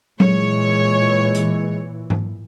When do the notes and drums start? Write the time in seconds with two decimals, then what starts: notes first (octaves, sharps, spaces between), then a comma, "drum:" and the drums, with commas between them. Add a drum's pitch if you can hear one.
0.20 A#2 E3 G#3 C#5, drum: tom F#3
1.35 drum: hi-hat
2.10 drum: tom G#2